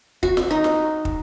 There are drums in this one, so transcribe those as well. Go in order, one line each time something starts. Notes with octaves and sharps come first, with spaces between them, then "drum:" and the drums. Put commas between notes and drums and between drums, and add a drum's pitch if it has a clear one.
F#4, drum: kick
drum: snare
D#4
drum: snare
drum: kick